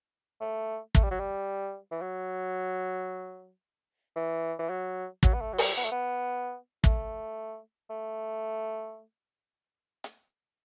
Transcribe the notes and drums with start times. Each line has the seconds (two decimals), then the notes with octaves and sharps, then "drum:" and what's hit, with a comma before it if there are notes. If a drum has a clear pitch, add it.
0.41 A3
0.95 A3, drum: kick
1.03 G3
1.11 F#3
1.19 G3
1.91 E3
2.01 F#3
4.16 E3
4.59 E3
4.69 F#3
5.23 F#3, drum: kick
5.34 B3
5.41 A3
5.53 F#3
5.58 G3, drum: open hi-hat
5.77 B3
5.84 A3
5.92 B3
6.84 A3, drum: kick
7.90 A3
10.04 drum: hi-hat